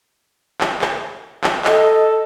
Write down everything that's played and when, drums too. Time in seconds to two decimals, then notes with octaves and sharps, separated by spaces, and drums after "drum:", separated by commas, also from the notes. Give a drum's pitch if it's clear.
0.61 drum: clap
0.82 drum: clap
1.44 drum: clap
1.65 A4 D#5, drum: clap